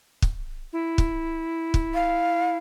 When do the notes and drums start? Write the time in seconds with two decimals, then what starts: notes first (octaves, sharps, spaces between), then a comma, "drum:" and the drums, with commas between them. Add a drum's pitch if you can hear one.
0.22 drum: kick
0.73 E4
0.98 drum: kick
1.74 drum: kick
1.94 F5